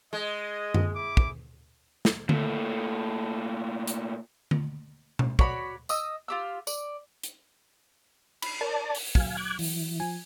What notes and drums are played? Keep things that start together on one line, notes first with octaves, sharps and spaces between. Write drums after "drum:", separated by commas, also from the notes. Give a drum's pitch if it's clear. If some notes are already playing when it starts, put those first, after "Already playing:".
G#3 D#5
drum: tom F#2
E4 D6
drum: kick
drum: snare
A#2 A3, drum: tom D3
drum: hi-hat
drum: tom D3
drum: tom B2
F#4 C#5 D5 B5, drum: kick
D#5 D#6 E6, drum: tambourine
F4 G4 E6
D5, drum: tambourine
drum: hi-hat
B5 C7, drum: cymbal
A#4 C#5 D5 A5
drum: open hi-hat
F#3 F5 G#5, drum: kick
D6 F#6 G#6
E3, drum: open hi-hat
F3 G#5